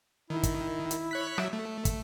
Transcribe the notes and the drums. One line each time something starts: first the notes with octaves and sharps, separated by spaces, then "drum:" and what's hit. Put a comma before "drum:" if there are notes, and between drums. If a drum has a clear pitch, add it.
D#3 E4
drum: kick, hi-hat
drum: hi-hat
C#5 F#6 B6
F#3 E5, drum: rim click
A3
drum: kick, hi-hat